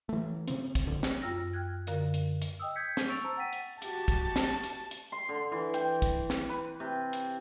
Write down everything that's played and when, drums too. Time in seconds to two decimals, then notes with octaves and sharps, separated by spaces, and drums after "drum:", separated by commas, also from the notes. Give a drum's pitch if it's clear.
0.09 E3 A3
0.48 C#3 C4, drum: hi-hat
0.75 drum: kick, hi-hat
0.85 A#1 D3
1.03 drum: snare
1.22 F#2 F4 G5 E6 F6 A#6
1.53 G5 F6 F#6 G#6
1.87 F#2 D3 A#4 F5, drum: hi-hat
2.14 drum: hi-hat
2.42 drum: hi-hat
2.60 D#5 G5 D#6 E6
2.76 G6 G#6 B6 C#7
2.97 drum: snare
3.08 C#6 E6 A6 D7 F7
3.24 C5 A5 A#5 E6
3.37 F#5 G5 A6 B6 D#7
3.53 drum: hi-hat
3.82 F#4 G4 A5, drum: hi-hat
4.08 drum: kick, hi-hat
4.36 drum: snare
4.63 drum: hi-hat
4.91 drum: hi-hat
5.12 C6
5.29 D3
5.52 E3
5.74 G5, drum: hi-hat
6.02 drum: kick, hi-hat
6.30 drum: snare
6.49 B4
6.80 C3
7.13 drum: hi-hat